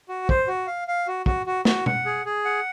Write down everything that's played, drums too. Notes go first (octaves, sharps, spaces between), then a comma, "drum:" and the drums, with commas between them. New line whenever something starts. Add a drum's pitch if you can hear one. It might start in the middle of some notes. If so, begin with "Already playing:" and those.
F#4
C5, drum: kick
F#4
F5
F5
F#4
F#4, drum: kick
F#4
F#4, drum: snare
F#5, drum: tom B2
G#4
G#4
F#5